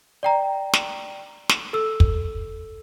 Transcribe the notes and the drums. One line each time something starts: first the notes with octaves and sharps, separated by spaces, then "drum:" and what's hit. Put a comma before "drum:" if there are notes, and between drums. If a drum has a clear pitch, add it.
D5 G5 A#5
drum: snare
drum: snare
A4 E6
drum: kick